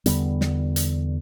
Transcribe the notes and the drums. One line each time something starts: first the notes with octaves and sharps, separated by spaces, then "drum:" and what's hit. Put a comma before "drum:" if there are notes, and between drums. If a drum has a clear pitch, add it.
E2 D3 G3 B3, drum: hi-hat
drum: snare
drum: hi-hat